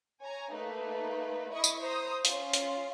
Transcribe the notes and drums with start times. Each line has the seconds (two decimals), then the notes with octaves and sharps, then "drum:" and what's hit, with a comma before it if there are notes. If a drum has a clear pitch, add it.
0.21 C#5 G#5 A#5
0.51 A3 A#3 D#4 B4
1.52 E4 D#5 B5 C#6 D#6
1.64 drum: tambourine
1.81 C5 A#5 D#6
2.25 C#4 F4, drum: hi-hat
2.53 drum: hi-hat